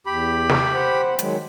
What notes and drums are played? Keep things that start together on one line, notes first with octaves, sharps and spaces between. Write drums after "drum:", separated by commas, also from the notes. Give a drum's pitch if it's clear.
E2 G4 B5
drum: snare
C5 F#5
D#3 F#3 G#3, drum: hi-hat